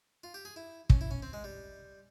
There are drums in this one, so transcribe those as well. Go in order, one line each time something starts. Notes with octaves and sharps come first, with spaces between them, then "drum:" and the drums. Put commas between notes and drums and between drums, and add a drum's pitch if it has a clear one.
F4
G4
G#4
E4
C#4, drum: kick
E4
C#4
C4
G#3
G3